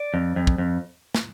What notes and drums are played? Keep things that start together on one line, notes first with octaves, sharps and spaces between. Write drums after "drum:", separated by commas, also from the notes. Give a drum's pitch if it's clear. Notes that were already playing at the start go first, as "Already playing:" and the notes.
Already playing: D5
F2
F2
drum: kick
F2
drum: snare